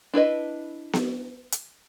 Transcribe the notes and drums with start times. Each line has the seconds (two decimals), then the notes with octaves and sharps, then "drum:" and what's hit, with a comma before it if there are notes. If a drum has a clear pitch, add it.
0.14 D4 E4 B4 D#5
0.93 drum: snare B3
1.52 drum: hi-hat